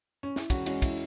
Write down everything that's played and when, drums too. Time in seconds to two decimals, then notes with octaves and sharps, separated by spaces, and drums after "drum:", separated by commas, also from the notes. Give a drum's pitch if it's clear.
0.23 C#4
0.36 E4, drum: snare
0.50 E1 C#4 F#4, drum: kick, cymbal
0.66 G#3 C#4 F#4, drum: cymbal
0.82 E4, drum: kick, cymbal